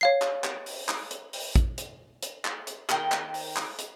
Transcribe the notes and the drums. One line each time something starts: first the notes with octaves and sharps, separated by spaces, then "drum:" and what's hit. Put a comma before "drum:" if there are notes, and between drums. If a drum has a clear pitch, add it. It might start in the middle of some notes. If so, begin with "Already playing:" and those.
C#5 F5 C7
drum: clap
drum: clap
drum: open hi-hat
drum: clap
drum: hi-hat
drum: open hi-hat
drum: kick, hi-hat
drum: hi-hat
drum: hi-hat
drum: clap
drum: hi-hat
D#3 A#4 G5, drum: clap
drum: clap
drum: open hi-hat
drum: clap
drum: hi-hat